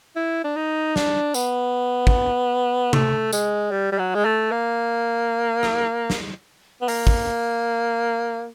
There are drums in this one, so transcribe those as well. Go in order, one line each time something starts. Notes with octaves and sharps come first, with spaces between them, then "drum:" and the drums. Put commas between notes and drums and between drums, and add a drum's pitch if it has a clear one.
E4
D4
D#4
D4, drum: snare
B3, drum: tambourine
drum: kick
A3, drum: tom C3
G#3, drum: tambourine
G3
G3
F#3
G#3
A3
A#3
drum: rim click
drum: snare
B3
A#3, drum: open hi-hat
drum: kick